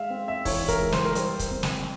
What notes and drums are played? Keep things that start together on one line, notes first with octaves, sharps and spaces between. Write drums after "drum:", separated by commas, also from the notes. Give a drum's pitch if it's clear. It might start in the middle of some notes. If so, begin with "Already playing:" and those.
Already playing: G#3 E5 F5
C4
E5
E3 C#5, drum: kick, open hi-hat
A#4, drum: kick, hi-hat
G#3
C5, drum: snare
A#4
G3 C5, drum: hi-hat
drum: kick, hi-hat
C4
drum: snare